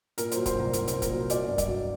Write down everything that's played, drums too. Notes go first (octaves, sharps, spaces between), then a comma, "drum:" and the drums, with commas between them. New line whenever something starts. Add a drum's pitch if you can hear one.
A#2 A#4, drum: hi-hat
C5, drum: hi-hat
F#3
C5, drum: kick, hi-hat
C2 A#4
C2, drum: hi-hat
C5, drum: hi-hat
A#2
A#4, drum: kick, hi-hat
F#3
F#3 D5, drum: hi-hat
G2
D5, drum: kick, hi-hat
F#3